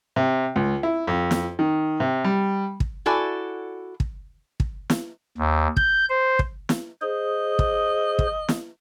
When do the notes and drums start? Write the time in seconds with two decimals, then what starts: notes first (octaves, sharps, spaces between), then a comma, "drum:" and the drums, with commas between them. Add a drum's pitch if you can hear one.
0.16 C3
0.56 C#2
0.83 E4
1.07 F2
1.31 drum: snare
1.59 D#3
2.00 C3
2.24 G3
2.80 drum: kick
3.06 E4 F#4 A4 D5 G#5
4.00 drum: kick
4.60 drum: kick
4.90 drum: snare
5.38 D#2
5.77 G6, drum: kick
6.09 C5
6.39 drum: kick
6.69 drum: snare
7.02 G#4 C5 D#5
7.59 drum: kick
8.19 drum: kick
8.49 drum: snare